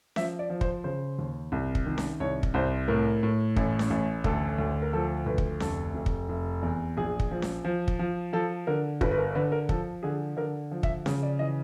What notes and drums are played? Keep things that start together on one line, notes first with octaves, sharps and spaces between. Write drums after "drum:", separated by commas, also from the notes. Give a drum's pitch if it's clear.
F3 E5, drum: snare C#4
D5
F3
C5, drum: kick
C#3 C5
D#2
C2
drum: kick
D#3
drum: snare C#4
C2 C#5
drum: kick
C2 C5
A2 A#4
A2
A1, drum: kick
drum: snare C#4
A1
D2 A4, drum: kick
D2
A#4
F3 A4
D2 B4
drum: kick
F1 A4, drum: snare C#4
F1
drum: kick
F1
E2
A#1 G#4
drum: kick
F3
drum: snare C#4
F3
drum: kick
F3
F3 A4
D3 A#4
G1 B4, drum: kick
B4
A#4
D3 B4
A#4
F3 A4, drum: kick
D3 G#4
D3 A#4
F3
E5, drum: kick
C#3, drum: snare C#4
D5
E3 D#5